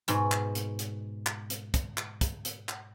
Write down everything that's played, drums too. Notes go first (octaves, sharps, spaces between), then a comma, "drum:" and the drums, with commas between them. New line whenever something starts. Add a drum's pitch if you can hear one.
G#2 B2, drum: hi-hat
drum: clap
drum: hi-hat
drum: hi-hat
drum: clap
drum: hi-hat
drum: kick, hi-hat
drum: clap
drum: kick, hi-hat
drum: hi-hat
drum: clap